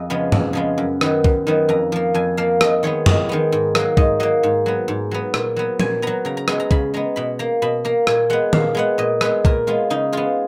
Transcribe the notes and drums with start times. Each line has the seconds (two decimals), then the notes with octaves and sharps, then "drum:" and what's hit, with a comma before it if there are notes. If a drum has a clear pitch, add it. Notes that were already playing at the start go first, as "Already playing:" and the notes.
Already playing: F2 G#4 D#5
0.10 C#3 F3 G#3 B3
0.32 F2, drum: tom
0.53 C#3 F3 G#3 B3
0.78 F#2
1.01 D#3 F#3 B3, drum: rim click
1.24 F#2, drum: kick
1.47 D#3 F#3 B3
1.69 F2 A#5
1.92 F3 A#3
2.14 F2 G#5
2.37 F3 A#3 F5
2.61 F2 D#5, drum: rim click
2.83 D#3 G#3 B3 C#5
3.06 F2 D#5, drum: tom
3.29 D#3 G#3 B3
3.52 G#2
3.75 F#3 A#3, drum: rim click
3.97 G#2 D#5, drum: kick
4.20 F#3 A#3 D#5
4.43 G#2
4.66 F#3 B3
4.88 G#2
5.11 F#3 B3
5.34 A#2, drum: rim click
5.56 F#3 B3
5.80 A#2 G#5, drum: tom
6.02 F#3 B3 A#5
6.25 C#3 A#5
6.37 A#5
6.48 G#3 B3 G#5, drum: rim click
6.60 A#5
6.71 C#3 B5, drum: kick
6.94 G#3 B3 A#5
7.16 B2 B5
7.39 A#3 A#5
7.62 B2 B5
7.85 A#3 A#5
8.07 A#2 G#5, drum: rim click
8.30 G#3 B3 F#5
8.53 A#2 F5, drum: tom
8.75 G#3 B3 F#5
8.98 A#2 D#5
9.21 G#3 B3 B4, drum: rim click
9.45 A#2 A#4, drum: kick
9.67 G#3 B3 F4
9.90 C#3 D#4
10.13 G#3 B3 F4